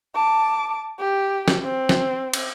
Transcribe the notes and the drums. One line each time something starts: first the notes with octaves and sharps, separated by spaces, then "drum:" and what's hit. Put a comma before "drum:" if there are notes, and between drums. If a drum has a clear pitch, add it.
A5 D6
G4
drum: snare
C4
drum: snare
drum: cymbal